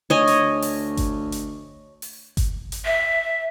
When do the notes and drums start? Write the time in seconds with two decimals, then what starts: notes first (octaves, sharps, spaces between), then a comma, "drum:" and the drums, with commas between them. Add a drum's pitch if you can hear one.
0.10 D2 C#5 D#5 G#5
0.27 drum: hi-hat
0.62 drum: open hi-hat
0.97 drum: kick G1, hi-hat
1.32 drum: hi-hat
2.02 drum: open hi-hat
2.37 drum: kick G1, hi-hat
2.72 drum: hi-hat
2.85 E5